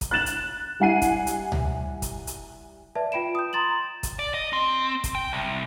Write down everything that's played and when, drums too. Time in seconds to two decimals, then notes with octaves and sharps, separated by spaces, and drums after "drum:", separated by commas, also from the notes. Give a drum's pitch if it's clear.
0.01 drum: kick, hi-hat
0.11 F#6 A6 E7 F#7
0.26 drum: hi-hat
0.80 G3 E4 F#5 G#5 C7 D#7
1.02 drum: kick, hi-hat
1.27 drum: hi-hat
1.52 drum: tom C#2
2.02 drum: kick, hi-hat
2.27 drum: hi-hat
2.95 B4 D5 E5 A5
3.12 F4 G5 B5 D7 E7
3.35 D#6 G6
3.53 A#5 C6 A6 E7 F#7
4.03 drum: kick, hi-hat
4.19 D5
4.34 D#5
4.53 C4
5.04 drum: kick, hi-hat
5.15 G5
5.33 C2